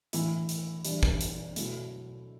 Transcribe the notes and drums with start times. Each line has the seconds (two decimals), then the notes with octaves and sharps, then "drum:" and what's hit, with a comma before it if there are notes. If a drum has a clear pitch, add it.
0.13 A2 E3 B3 E4, drum: hi-hat
0.49 drum: hi-hat
0.85 E3 G3 D4, drum: hi-hat
1.03 drum: kick
1.21 drum: hi-hat
1.56 B2 F#3 A3 E4, drum: hi-hat